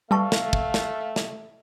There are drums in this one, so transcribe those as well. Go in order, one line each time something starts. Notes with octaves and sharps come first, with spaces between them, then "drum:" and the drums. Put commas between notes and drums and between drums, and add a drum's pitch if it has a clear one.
G3 A3 B4 E5 F5 A5 C#6
drum: snare
drum: kick
drum: snare
drum: snare